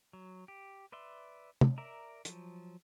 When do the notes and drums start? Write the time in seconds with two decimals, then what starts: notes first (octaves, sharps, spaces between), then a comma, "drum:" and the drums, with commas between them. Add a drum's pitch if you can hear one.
0.13 F#3
0.48 G4
0.92 B4 D5 E5 C6
1.61 drum: tom
1.78 A#4 D5 E5 A#5
2.25 F3 F#3, drum: hi-hat